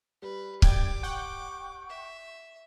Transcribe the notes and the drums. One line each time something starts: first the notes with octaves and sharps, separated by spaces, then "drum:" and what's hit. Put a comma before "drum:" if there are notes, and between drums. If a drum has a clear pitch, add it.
G3 B4
F#2 D5 G5 D6 G#6, drum: kick C#1
F#5 G5 C#6
E5